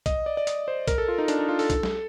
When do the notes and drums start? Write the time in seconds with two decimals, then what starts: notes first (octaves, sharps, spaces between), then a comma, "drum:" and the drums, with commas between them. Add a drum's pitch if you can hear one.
0.06 D#5, drum: kick B1, hi-hat
0.26 D5
0.37 D5
0.47 D#5, drum: hi-hat
0.68 C5
0.88 A#4, drum: kick B1, hi-hat
0.98 A4
1.08 F4
1.18 D#4
1.28 D4, drum: hi-hat
1.39 D#4
1.49 F4
1.59 A4, drum: open hi-hat
1.70 drum: kick B1, hi-hat
1.83 drum: snare